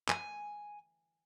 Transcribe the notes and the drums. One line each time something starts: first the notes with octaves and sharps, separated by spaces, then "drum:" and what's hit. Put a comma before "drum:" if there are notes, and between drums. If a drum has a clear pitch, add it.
G#5, drum: clap